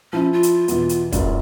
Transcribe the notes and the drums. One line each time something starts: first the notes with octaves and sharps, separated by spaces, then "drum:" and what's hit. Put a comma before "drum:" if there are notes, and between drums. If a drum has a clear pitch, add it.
F3 C#4 E4
F4
drum: hi-hat
E2 B2 E3, drum: hi-hat
drum: hi-hat
F#1 C#2 F#2 D5, drum: kick, hi-hat